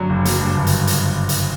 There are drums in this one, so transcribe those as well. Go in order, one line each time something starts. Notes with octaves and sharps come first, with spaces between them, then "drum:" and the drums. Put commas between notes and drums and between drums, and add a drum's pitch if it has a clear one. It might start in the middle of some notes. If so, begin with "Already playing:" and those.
Already playing: F#2 D3 F#3
F#1
F#3, drum: hi-hat
G2
G1
drum: hi-hat
drum: hi-hat
drum: hi-hat